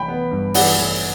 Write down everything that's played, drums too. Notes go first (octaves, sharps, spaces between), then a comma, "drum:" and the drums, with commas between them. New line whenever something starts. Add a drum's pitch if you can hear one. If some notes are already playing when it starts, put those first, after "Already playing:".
Already playing: A1 E3 G5 B5
B3
G2
E3 D5 F#5, drum: open hi-hat
A1